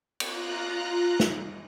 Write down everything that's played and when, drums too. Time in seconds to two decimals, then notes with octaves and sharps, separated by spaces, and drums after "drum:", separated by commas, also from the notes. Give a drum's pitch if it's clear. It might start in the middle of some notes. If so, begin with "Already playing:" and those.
0.20 F4 A#5 F#6, drum: cymbal
1.20 drum: snare